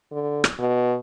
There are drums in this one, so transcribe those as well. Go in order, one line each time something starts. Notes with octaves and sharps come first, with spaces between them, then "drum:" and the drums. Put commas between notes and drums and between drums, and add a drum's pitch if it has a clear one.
D3
drum: rim click
B2